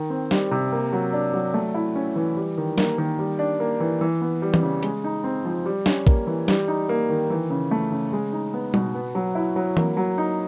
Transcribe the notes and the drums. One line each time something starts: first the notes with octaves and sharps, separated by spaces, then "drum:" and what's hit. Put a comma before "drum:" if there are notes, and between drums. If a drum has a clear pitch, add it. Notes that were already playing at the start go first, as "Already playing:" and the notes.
Already playing: D#3
C4
G3, drum: snare
C3
A#3
F#3
D4
F#3
A3
E4
C#4
E3
G3
D#3
A#3, drum: snare
D#3
G3
D4
A#3
E3
E3
B3
G3
drum: tom E3
C#3
G#3, drum: hi-hat
D#4
C4
F3
G3
C#4, drum: snare
A#3, drum: kick
E3
G3, drum: snare
D#4
A#3
D#3
E3
C#3
A3
C#3
G#3
D#4
B3
B2, drum: tom G3
B3
F#3
E4
F#3
A#3, drum: tom E3
F#3
D#4